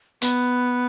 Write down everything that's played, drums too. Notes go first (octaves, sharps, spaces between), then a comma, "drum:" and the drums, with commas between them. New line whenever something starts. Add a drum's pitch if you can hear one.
B3, drum: hi-hat